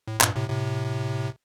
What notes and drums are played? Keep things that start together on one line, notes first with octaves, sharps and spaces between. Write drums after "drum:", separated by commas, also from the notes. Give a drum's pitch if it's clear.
A2
G2 A#2, drum: clap
A2 C3
A2 C3